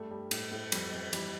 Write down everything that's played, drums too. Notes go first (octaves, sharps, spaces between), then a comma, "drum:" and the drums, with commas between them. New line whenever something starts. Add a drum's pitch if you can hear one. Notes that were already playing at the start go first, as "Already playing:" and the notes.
Already playing: G2 G3 A3
G3
A2, drum: cymbal
A2
F2 G3, drum: cymbal
F2
E3 G3, drum: cymbal